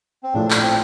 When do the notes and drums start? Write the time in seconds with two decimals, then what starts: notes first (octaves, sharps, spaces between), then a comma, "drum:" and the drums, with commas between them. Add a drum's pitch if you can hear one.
0.23 C4
0.34 A#1 A2 F3 A3 D4
0.50 D4, drum: clap
0.63 C4